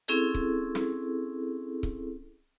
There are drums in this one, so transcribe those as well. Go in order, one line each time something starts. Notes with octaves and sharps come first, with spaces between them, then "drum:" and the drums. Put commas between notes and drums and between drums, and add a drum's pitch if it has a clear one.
C4 C#4 E4 G#4 A4, drum: hi-hat
drum: kick C#1
drum: snare
drum: kick C#1